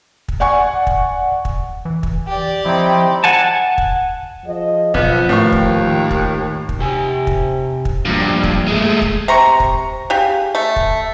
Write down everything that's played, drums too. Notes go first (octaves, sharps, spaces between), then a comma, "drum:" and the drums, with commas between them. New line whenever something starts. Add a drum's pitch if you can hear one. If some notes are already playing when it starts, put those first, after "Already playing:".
drum: kick
D5 F#5 G#5 C#6
drum: kick
drum: kick
E3
drum: kick
G4 D5
F3 C4 D#4 E4
F#5 G#5 A5
drum: kick
F3 G#4 D#5
B1 F3 B3 F4, drum: kick
D#2 A2 D#3 C#6
drum: kick
D#3
drum: kick
drum: kick
C3 G4 G#5
drum: kick
drum: kick
G2 F3 F#3 A#3
drum: kick
G#3 A3
drum: kick
C3 A#5 C#6
drum: kick
C#3 G4
A3
drum: kick